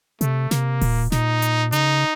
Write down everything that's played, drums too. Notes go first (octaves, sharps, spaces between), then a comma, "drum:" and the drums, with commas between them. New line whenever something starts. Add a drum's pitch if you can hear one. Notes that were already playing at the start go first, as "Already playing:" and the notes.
C3 A3, drum: hi-hat
C3 A#3, drum: snare
A#2, drum: kick D#1, open hi-hat
A#2 D#4, drum: snare
drum: hi-hat
C#3 D#4, drum: hi-hat